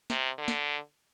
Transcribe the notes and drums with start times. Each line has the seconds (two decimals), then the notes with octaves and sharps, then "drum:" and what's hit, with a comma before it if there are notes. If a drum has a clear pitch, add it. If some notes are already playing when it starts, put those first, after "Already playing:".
0.10 C3, drum: snare
0.38 D3
0.48 drum: snare